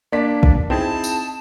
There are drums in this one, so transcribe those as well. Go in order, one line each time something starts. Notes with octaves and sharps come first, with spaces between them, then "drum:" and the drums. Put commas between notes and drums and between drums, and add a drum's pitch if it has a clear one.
A#3 D4 D5 B6
drum: kick
C4 D#4 E4 G#4 A5
drum: tambourine